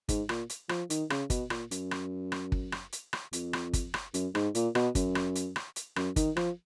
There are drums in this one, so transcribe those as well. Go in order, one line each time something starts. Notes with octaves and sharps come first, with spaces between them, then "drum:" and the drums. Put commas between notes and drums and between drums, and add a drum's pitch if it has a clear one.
G#2, drum: kick, hi-hat
A#2, drum: rim click
drum: hi-hat
F3, drum: rim click
D#3, drum: hi-hat
C#3, drum: rim click
B2, drum: kick, hi-hat
A#2, drum: rim click
F#2, drum: hi-hat
drum: rim click
drum: rim click
drum: kick
drum: rim click
drum: hi-hat
drum: rim click
F2, drum: hi-hat
drum: rim click
drum: kick, hi-hat
drum: rim click
F#2, drum: hi-hat
G#2, drum: rim click
A#2, drum: hi-hat
B2, drum: rim click
F#2, drum: kick, hi-hat
drum: rim click
drum: hi-hat
drum: rim click
drum: hi-hat
F#2, drum: rim click
D#3, drum: kick, hi-hat
F3, drum: rim click